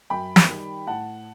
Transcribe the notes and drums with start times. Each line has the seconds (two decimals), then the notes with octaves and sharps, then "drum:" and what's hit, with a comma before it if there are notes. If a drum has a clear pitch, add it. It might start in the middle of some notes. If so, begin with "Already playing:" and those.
0.10 F#2 G5 B5
0.36 drum: snare
0.49 D#3 G3
0.87 A2 F#5 A5